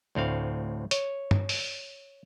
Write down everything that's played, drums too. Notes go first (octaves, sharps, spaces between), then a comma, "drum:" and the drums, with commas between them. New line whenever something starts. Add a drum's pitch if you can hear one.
D2 A2 C4 F5
C#5, drum: hi-hat
drum: tom G2
drum: open hi-hat